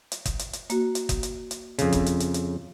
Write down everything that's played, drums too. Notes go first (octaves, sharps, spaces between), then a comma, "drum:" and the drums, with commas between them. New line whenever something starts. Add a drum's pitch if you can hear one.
drum: hi-hat
drum: kick F#1, hi-hat
drum: hi-hat
drum: hi-hat
A#3 F#4, drum: hi-hat
drum: hi-hat
drum: kick F#1, hi-hat
drum: hi-hat
drum: hi-hat
F2 C#3, drum: hi-hat
drum: kick F#1, hi-hat
drum: hi-hat
drum: hi-hat
drum: hi-hat